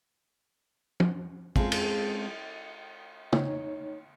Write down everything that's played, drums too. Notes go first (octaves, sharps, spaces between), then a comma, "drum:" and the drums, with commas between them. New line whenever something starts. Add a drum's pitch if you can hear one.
drum: tom
G#3 C4 C#4 F4 G#4 A4, drum: kick
drum: cymbal
D#4 C#5, drum: tom